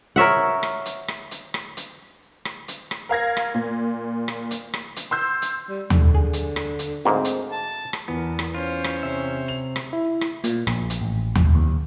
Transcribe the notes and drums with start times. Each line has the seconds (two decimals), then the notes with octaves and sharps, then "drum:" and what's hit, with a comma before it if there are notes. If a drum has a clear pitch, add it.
0.16 A#4 C#5 E5 F#5
0.63 drum: rim click
0.86 drum: hi-hat
1.08 drum: rim click
1.31 drum: hi-hat
1.54 drum: rim click
1.77 drum: hi-hat
2.45 drum: rim click
2.68 drum: hi-hat
2.91 drum: rim click
3.09 A#4 F5 G#6 A#6
3.37 drum: rim click
3.55 A#2
4.28 drum: rim click
4.51 drum: hi-hat
4.74 drum: rim click
4.96 drum: hi-hat
5.11 C6 E6 G6
5.42 drum: hi-hat
5.69 G3
5.90 D3, drum: tom D#2
6.15 G#4
6.33 drum: hi-hat
6.56 drum: rim click
6.79 drum: hi-hat
7.05 D2 G#2 A#3 C4
7.25 drum: hi-hat
7.52 A5
7.93 drum: rim click
8.08 E2 B3 A#4
8.39 drum: rim click
8.54 C#4 F4 C5 C#5
8.84 drum: rim click
9.03 C3 E5
9.48 F7
9.76 drum: rim click
9.93 E4
10.21 drum: rim click
10.44 A#2, drum: hi-hat
10.67 A#1, drum: rim click
10.90 drum: hi-hat
11.01 A1
11.35 drum: tom D#2
11.55 D#2